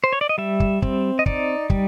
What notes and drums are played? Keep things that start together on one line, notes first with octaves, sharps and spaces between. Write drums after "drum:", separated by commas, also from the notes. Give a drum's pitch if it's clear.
C5
C#5
D5
D#5
G3 E5
drum: kick
C4, drum: kick
D#5
D#4 D5, drum: kick
G3, drum: kick